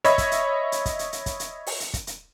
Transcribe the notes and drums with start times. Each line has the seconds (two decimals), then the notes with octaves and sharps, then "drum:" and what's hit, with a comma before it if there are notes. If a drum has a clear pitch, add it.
0.04 C#5 D#5 E5 B5 G#6, drum: hi-hat
0.18 drum: kick, hi-hat
0.32 drum: hi-hat
0.72 drum: hi-hat
0.86 drum: kick, hi-hat
0.99 drum: hi-hat
1.13 drum: hi-hat
1.26 drum: kick, hi-hat
1.40 drum: hi-hat
1.67 drum: open hi-hat
1.80 drum: hi-hat
1.94 drum: kick, hi-hat
2.07 drum: hi-hat